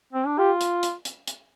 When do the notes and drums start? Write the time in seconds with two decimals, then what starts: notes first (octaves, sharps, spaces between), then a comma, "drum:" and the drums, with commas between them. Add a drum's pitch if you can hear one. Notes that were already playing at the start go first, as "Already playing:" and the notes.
0.13 C4
0.26 D4
0.38 F4 G4
0.61 drum: hi-hat
0.83 drum: hi-hat
1.05 drum: hi-hat
1.27 drum: hi-hat